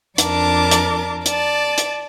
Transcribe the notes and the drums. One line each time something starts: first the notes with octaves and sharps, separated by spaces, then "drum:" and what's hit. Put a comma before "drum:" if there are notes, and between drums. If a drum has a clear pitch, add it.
F2 D4 A#4 A5 D6, drum: hi-hat
drum: hi-hat
D5 A5, drum: hi-hat
drum: hi-hat